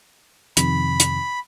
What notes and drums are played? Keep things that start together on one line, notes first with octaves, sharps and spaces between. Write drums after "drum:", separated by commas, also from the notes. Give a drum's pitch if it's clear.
F2 C3 D#3 B5, drum: hi-hat
drum: hi-hat